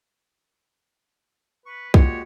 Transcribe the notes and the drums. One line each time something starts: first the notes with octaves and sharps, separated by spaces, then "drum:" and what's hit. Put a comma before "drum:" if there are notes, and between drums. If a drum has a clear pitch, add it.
B4 C#6
A#2 G#3 F#4 G4 C#5, drum: kick C2